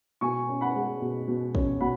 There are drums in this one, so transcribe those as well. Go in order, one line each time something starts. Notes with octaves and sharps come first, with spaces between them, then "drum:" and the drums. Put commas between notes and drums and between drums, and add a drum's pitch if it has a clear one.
B2 G#5 C#6
C#4
F#5 B5
G#3
B2
B2
C#4, drum: kick
B2 F#5 B5